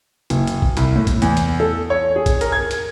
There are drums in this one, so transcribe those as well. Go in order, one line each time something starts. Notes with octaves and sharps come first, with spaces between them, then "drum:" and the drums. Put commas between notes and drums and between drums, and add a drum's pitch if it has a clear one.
F#1, drum: hi-hat
drum: hi-hat
drum: kick
C2, drum: hi-hat
A2
drum: kick, hi-hat
E2, drum: hi-hat
drum: hi-hat
A4
C#5
G#4
drum: kick, hi-hat
A#4, drum: hi-hat
G#6
drum: hi-hat